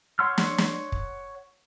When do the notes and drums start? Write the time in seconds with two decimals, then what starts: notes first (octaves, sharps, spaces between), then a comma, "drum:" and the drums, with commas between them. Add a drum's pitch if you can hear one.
0.19 C#5 F#5 C6 E6 F6
0.38 drum: snare
0.58 drum: snare
0.92 drum: kick